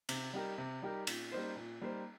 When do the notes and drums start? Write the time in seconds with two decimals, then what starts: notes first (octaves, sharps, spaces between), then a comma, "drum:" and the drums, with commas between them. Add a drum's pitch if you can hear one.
0.09 C3, drum: cymbal
0.33 G3 D#4 G4 A#4
0.58 C3
0.82 G3 D#4 G4 A#4
1.07 A#2, drum: cymbal
1.32 G3 A#3 D#4 C5
1.56 A#2
1.81 G3 A#3 D#4 C5